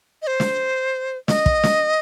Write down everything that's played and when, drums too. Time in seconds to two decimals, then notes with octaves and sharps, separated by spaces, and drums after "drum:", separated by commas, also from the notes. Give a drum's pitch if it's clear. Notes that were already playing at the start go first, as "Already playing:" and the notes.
0.22 D#5
0.27 C5
0.40 drum: snare
1.28 D#5, drum: snare
1.46 drum: kick
1.64 drum: snare